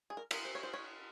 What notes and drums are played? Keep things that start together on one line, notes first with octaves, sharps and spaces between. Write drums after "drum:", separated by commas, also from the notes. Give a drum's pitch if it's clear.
G#4
A#4
A#4, drum: cymbal
C5
C#5
C5
C#5